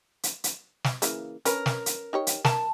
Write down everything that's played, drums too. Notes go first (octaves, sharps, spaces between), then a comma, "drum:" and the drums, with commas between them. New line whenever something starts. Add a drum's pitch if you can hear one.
drum: hi-hat
drum: hi-hat
drum: snare
C#3 E3 A#3, drum: hi-hat
C#4 A#4 B4, drum: hi-hat
drum: snare
drum: hi-hat
D#4 G4 C#5
drum: hi-hat
A#4 A5, drum: snare